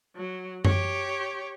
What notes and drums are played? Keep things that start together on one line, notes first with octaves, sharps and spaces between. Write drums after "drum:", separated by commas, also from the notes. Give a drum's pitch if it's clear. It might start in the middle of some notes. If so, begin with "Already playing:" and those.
F#3
G4 C#5, drum: tom F#2